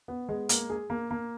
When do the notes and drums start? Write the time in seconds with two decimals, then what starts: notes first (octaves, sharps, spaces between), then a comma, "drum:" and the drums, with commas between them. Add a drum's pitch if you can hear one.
0.08 B3
0.29 G#3
0.49 A#3, drum: hi-hat
0.70 G#4
0.90 A#3
1.11 A#3